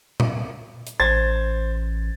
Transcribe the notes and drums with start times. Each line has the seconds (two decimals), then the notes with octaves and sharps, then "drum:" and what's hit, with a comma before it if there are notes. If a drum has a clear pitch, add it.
0.20 drum: tom A#2
0.87 drum: hi-hat
1.00 A1 C5 G#6 A6